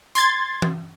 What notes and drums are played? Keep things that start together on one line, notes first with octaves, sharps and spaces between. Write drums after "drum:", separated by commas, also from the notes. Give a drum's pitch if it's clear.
C6 G#6 A6, drum: hi-hat
drum: tom E3